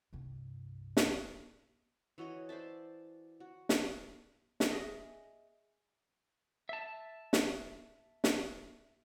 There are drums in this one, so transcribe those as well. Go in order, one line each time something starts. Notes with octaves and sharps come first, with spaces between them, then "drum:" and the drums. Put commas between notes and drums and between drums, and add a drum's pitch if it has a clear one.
C2 G2
drum: snare
E3 F#4 C#5 D#5
C5 D5 E5 A5
F#4
drum: snare
drum: snare
G#4 D#5 E5
E5 A5
drum: snare
drum: snare